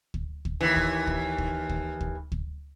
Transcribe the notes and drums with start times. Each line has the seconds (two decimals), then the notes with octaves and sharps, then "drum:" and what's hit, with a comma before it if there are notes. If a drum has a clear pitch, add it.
0.14 drum: kick
0.45 drum: kick
0.61 D#2 E3
0.76 drum: kick
1.07 drum: kick
1.38 drum: kick
1.69 drum: kick
2.01 drum: kick
2.32 drum: kick